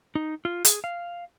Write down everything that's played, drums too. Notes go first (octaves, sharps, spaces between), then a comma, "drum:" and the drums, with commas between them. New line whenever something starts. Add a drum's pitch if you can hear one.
D#4
F4
G#4, drum: hi-hat
F5